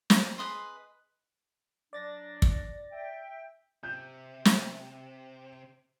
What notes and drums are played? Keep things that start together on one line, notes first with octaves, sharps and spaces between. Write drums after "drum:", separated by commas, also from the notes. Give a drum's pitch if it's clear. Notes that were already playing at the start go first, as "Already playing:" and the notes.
A#5 D6, drum: snare
G#4 B4 D#5 C6
F#3 D4 D5 A6 A#6
drum: kick
E5 G5
C3 G6
drum: snare